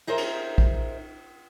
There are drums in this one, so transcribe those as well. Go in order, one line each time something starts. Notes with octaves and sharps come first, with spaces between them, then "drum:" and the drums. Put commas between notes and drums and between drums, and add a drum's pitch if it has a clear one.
D#4 G#4 A#4 C5 E5
drum: cymbal
drum: kick